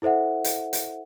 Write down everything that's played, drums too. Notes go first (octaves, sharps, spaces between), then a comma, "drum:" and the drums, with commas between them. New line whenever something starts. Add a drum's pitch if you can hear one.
E4 A4 C5 E5 F#5
drum: hi-hat
drum: hi-hat